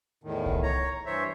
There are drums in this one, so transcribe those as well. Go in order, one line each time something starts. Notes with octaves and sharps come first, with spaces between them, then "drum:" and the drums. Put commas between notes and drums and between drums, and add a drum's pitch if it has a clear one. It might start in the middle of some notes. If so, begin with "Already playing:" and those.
E2 A2 D#3
drum: kick C2
C#5 A#5
G2 E3 C5 C#5 E5